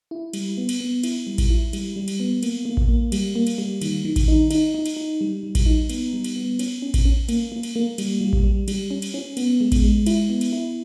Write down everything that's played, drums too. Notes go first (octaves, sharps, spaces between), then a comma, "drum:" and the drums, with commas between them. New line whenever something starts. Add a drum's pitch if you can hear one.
E4
G3, drum: cymbal
B3
drum: cymbal
B3
E4, drum: cymbal
G3
drum: kick A1, cymbal
E4
G3, drum: cymbal
G3
drum: cymbal
B3
A#3, drum: cymbal
A#3
drum: kick A1
A#3
G3, drum: cymbal
A#3
drum: cymbal
G3
D#3, drum: cymbal
D#3
drum: kick A1, cymbal
D#4
D#4, drum: cymbal
D#4
drum: cymbal
D#4
G3
G3
drum: kick A1, cymbal
D#4
B3, drum: cymbal
G3
drum: cymbal
B3
C#4, drum: cymbal
C#4
drum: kick A1, cymbal
C#4
A#3, drum: cymbal
A#3
drum: cymbal
A#3
G3, drum: cymbal
G3
drum: kick A1
G3
G3, drum: cymbal
C#4
drum: cymbal
C#4
B3, drum: cymbal
G#3
drum: kick A1, cymbal
G#3
E4, drum: cymbal
B3
drum: cymbal
E4